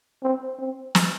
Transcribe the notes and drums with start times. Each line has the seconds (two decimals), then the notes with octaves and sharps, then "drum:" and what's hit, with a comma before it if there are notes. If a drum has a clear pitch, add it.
0.23 C4
0.59 C4
0.95 drum: snare